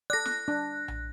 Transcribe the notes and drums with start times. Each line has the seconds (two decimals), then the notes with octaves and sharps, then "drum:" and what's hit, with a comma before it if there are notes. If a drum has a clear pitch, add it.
0.10 A4 D5 F#6 A#6
0.25 drum: snare
0.48 D4
0.88 drum: tom A#1